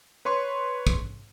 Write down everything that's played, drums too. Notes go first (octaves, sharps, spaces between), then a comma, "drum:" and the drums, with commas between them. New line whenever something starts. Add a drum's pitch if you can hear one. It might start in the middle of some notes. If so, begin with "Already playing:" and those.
B4 C#5 C6 C#6
drum: kick